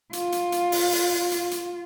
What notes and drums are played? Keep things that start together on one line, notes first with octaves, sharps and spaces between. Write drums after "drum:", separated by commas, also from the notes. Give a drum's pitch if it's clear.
F4, drum: hi-hat
drum: hi-hat
drum: hi-hat
drum: open hi-hat
drum: open hi-hat
drum: hi-hat
drum: hi-hat